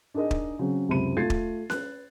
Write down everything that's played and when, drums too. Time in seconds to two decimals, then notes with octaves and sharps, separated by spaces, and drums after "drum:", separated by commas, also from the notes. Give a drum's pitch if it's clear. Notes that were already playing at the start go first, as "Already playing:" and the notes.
0.14 D4 D#4 G#4 A#4 D#5
0.31 drum: kick
0.59 C#3 F#3 C4
0.89 C#2 F#2 C3 B5 D#7
1.17 A3 F4 G#6 A6 C7
1.30 drum: kick
1.70 B4 F#6, drum: snare C#4